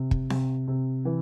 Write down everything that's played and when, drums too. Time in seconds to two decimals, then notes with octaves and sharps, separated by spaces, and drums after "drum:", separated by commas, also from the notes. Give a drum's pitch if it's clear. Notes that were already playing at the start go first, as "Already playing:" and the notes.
Already playing: C3
0.11 drum: kick
0.30 C3, drum: snare C4
0.68 C3
1.05 E3